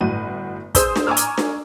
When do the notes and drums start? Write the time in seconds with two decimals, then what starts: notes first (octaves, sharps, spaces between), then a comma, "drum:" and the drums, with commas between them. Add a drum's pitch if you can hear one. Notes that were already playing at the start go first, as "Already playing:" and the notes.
0.01 G1 A2 F#4 D#7
0.75 G#4 C5 C6 D#6 E6 G6, drum: kick, hi-hat
0.96 drum: snare D4
1.07 G#5 A#5 C#6 D6 E6 F6
1.17 drum: hi-hat
1.38 drum: snare D4